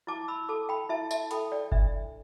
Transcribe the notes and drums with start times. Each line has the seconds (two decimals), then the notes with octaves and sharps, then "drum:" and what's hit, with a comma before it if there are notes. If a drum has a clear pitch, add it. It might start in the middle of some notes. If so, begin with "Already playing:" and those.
0.07 E4 A5 D6
0.28 B5 E6
0.49 A4 A5 D6
0.69 G5 B5
0.89 E4 E5 A5
1.11 E5 A5, drum: tambourine
1.31 A4 G5 B5, drum: hi-hat
1.52 D5 G5
1.72 D4 E5, drum: kick F#1